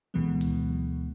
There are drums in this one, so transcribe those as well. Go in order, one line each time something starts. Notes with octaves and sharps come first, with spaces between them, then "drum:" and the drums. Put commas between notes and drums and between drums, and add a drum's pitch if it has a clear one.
D2 B2 E3 F#3 G#3 B3
drum: open hi-hat